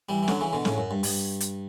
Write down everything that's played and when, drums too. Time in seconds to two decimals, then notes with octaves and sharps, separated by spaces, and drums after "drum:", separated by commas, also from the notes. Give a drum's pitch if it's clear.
0.09 E3 G3
0.23 E3
0.28 D3 F#3, drum: snare
0.40 C#3 E3
0.53 B2 D3
0.65 A2 C#3, drum: snare
0.78 F#2
0.91 G2
1.03 G2, drum: open hi-hat
1.40 drum: hi-hat